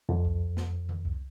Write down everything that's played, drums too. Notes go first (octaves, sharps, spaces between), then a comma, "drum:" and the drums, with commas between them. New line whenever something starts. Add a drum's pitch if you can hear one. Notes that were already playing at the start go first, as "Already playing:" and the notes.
F2
drum: kick C2
drum: snare
drum: tom D#3
drum: kick C2